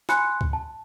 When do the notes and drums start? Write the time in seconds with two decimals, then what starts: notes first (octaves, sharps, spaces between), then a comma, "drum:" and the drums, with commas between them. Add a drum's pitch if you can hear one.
0.09 G#5 B5 C6 F#6 C#7, drum: snare
0.41 drum: kick C#2
0.53 A5